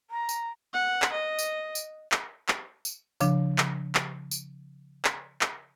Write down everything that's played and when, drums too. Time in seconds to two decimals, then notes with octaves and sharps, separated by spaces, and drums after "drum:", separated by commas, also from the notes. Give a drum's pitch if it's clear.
0.10 A#5
0.29 drum: tambourine
0.73 F#5
1.02 drum: clap
1.12 D#5
1.39 drum: tambourine
1.75 drum: tambourine
2.12 drum: clap
2.48 drum: clap
2.85 drum: tambourine
3.21 C#3 F3 D4, drum: tambourine
3.58 drum: clap
3.95 drum: clap
4.31 drum: tambourine
5.05 drum: clap
5.41 drum: clap